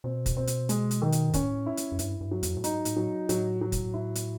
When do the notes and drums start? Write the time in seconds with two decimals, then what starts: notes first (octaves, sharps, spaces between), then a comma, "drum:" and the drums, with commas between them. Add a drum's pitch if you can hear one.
0.04 B2 C4
0.26 drum: kick, hi-hat
0.37 C4
0.47 drum: hi-hat
0.69 G#3, drum: hi-hat
0.91 drum: hi-hat
1.02 D#3
1.12 drum: hi-hat
1.29 G#2
1.34 A2 C#4, drum: kick, hi-hat
1.66 E4
1.77 drum: hi-hat
1.92 F#2
1.99 G2 E4, drum: hi-hat
2.21 G2
2.31 F#3
2.43 F2, drum: hi-hat
2.57 A2
2.64 G#2 D#4, drum: hi-hat
2.85 A2, drum: hi-hat
2.96 F#3
3.29 A2 F#3, drum: hi-hat
3.61 F#3
3.72 drum: kick, hi-hat
3.94 E4
4.15 drum: hi-hat